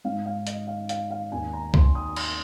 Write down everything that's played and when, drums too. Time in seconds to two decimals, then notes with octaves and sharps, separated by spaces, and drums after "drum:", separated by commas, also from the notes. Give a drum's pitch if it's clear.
0.04 G#2 G#3 D#4 F5
0.26 F5
0.47 D#5, drum: hi-hat
0.67 F5
0.89 F5, drum: hi-hat
1.11 F5
1.32 D#2 D#3 A#3 D#4 G#5
1.53 A#5
1.74 C6, drum: kick C2
1.95 D#6
2.16 C6, drum: cymbal